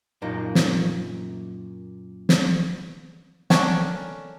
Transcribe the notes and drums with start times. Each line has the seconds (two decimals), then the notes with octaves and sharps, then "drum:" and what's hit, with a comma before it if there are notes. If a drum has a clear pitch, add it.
0.22 F#2 A#2 A#3 D#4
0.55 drum: snare
2.29 drum: snare
3.50 C#4 D4 A4 A#4 G#5, drum: snare